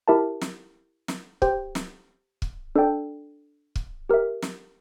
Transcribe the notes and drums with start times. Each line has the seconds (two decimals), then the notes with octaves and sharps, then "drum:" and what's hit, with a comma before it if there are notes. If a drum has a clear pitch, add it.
0.08 E4 G4 A#4 E5 A5
0.41 drum: snare
1.08 drum: snare
1.42 G4 C5 G5, drum: kick
1.75 drum: snare
2.42 drum: kick
2.75 D4 A4 D5 G5
3.76 drum: kick
4.10 G4 A#4 E5
4.42 drum: snare